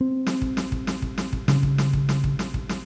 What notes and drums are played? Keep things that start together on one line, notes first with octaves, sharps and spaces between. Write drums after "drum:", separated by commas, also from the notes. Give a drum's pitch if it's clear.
C4
drum: snare
drum: kick
drum: snare
drum: kick
drum: snare
drum: kick
drum: snare
drum: kick
C#3, drum: snare
drum: kick
drum: snare
drum: kick
drum: snare
drum: kick
drum: snare
drum: kick
drum: snare